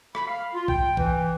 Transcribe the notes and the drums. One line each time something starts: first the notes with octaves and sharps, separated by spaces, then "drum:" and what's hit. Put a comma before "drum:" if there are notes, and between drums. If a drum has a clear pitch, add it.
B5, drum: rim click
F5
F4
G5, drum: kick
E3, drum: kick